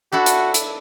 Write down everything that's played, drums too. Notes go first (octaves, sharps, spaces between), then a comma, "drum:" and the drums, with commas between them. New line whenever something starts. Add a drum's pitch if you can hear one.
D4 E4 F#4 A4
drum: hi-hat
drum: hi-hat